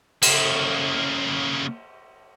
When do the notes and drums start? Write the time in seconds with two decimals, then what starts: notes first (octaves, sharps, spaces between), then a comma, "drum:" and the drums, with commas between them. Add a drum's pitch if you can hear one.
0.22 C#3 A#3, drum: cymbal